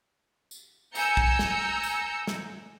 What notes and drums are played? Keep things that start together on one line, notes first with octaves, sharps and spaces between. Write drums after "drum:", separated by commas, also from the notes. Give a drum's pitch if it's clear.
drum: tambourine
G#5 A#5 E6 G6 C#7, drum: tambourine
drum: kick
drum: snare
drum: tambourine
drum: snare